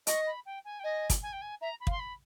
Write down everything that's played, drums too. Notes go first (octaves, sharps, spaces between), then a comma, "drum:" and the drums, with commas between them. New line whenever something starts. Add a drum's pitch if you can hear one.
D#5 C#6, drum: hi-hat
B5
G5
G#5
G5
D#5 G#5
drum: kick, hi-hat
G#5
G5
G#5
E5 A#5
B5
F5, drum: kick
C6
B5